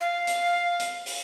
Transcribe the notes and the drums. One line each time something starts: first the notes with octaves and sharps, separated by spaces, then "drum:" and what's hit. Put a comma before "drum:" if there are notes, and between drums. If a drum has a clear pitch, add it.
F5
drum: hi-hat
drum: hi-hat
drum: open hi-hat